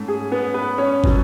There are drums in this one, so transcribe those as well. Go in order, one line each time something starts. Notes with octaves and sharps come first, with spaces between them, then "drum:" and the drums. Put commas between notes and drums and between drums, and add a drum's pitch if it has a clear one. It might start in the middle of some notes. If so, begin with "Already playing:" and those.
Already playing: G#2 A3 C#4
G#4
B3 B4
B3 B4
C#4 C#5
B2 F#3, drum: kick